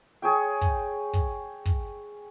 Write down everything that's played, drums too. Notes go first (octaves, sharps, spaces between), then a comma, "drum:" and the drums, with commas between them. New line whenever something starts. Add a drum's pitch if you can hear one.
G#4 C#5 G5
drum: kick
drum: kick
drum: kick